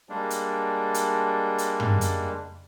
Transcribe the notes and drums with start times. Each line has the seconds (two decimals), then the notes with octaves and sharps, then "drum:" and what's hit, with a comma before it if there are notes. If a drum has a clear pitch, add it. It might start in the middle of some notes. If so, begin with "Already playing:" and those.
0.09 G3 G#3 A#3 D4
0.30 drum: hi-hat
0.94 drum: hi-hat
1.58 drum: hi-hat
1.80 drum: tom
2.01 drum: hi-hat